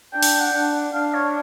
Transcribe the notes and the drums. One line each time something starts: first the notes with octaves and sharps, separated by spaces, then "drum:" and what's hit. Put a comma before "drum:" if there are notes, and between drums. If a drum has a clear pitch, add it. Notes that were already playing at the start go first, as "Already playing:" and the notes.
D4 G5
drum: open hi-hat
F#5
D4
D4 F5
C#5